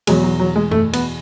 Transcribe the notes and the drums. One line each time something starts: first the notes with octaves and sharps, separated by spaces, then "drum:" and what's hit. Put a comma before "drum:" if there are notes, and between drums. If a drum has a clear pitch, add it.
E2 B2 F#3 G#3, drum: cymbal
F#3
F#3
G#3
A3, drum: tom F#2
B3, drum: cymbal